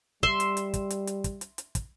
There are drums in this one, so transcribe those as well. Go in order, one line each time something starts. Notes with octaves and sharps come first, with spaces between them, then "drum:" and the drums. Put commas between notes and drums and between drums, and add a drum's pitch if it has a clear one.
G3 E5 C6, drum: kick
drum: hi-hat
drum: hi-hat
drum: kick, hi-hat
drum: hi-hat
drum: hi-hat
drum: kick, hi-hat
drum: hi-hat
drum: hi-hat
drum: kick, hi-hat